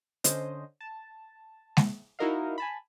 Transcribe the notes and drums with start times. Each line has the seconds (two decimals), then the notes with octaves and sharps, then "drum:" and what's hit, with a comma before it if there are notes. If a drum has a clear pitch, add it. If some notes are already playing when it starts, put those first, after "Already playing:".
0.24 D3 C#4 C5 D#5, drum: hi-hat
0.81 A5
1.77 drum: snare G#3
2.19 D#4 E4 F#4 A#4 D#5 F5
2.58 G#5 A5 B5